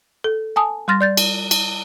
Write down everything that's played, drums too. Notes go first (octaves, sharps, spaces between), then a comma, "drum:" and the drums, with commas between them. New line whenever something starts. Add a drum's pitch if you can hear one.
A4
G#5 A5 D#6
G3 C6 F6 A6 A#6
D5 G6 A6
drum: cymbal
drum: cymbal